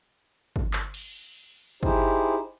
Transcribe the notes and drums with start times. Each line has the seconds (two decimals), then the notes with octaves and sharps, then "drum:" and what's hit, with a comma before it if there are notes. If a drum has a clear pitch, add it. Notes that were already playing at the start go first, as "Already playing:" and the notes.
0.56 drum: kick
0.73 drum: clap
0.94 drum: cymbal
1.83 D#4 E4 G4 G#4 C5, drum: kick